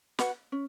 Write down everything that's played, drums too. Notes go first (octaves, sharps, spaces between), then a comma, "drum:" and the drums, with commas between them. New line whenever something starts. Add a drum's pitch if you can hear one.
F#4 B4 F#5 B5, drum: snare
C#4